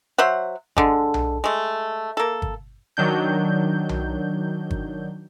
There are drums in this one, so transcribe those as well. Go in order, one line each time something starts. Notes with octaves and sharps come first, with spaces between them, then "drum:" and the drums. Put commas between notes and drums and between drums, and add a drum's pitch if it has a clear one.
F#3 C5 E5 F#5
D3 G#3, drum: kick
drum: tom B1
G#3 A3
A#3 A4
drum: kick
D#3 F#3 D4 G6
drum: tom B1
drum: kick